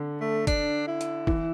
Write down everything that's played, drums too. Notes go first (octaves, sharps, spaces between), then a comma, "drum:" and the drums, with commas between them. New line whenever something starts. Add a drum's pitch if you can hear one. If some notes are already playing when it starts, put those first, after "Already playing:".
Already playing: D3
A3
D4, drum: kick G1, hi-hat
E4
drum: hi-hat
E3, drum: kick G1